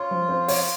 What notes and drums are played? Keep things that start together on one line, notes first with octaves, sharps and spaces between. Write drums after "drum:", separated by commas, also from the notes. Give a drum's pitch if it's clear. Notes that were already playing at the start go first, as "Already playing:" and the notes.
Already playing: F4 C#5
F3
C4
C#5, drum: open hi-hat